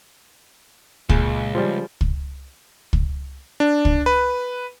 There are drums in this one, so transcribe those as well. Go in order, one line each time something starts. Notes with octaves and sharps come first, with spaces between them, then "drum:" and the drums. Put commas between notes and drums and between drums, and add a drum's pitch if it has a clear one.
C#2 A#2 C#3, drum: kick
F3 G3
drum: kick
drum: kick
D4
drum: kick
B4